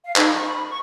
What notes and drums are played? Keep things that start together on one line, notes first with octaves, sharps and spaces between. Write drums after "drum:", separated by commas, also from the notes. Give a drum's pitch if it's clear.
F5
D#4, drum: clap
C#6
B5
C#6